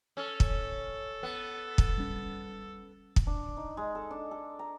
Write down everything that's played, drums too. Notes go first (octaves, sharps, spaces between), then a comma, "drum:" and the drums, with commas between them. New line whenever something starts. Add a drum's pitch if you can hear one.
C#4 A4
drum: kick
B3
drum: kick
G3 C#4
drum: kick
D4
D#4
G#3
A4
D4
A4
A#5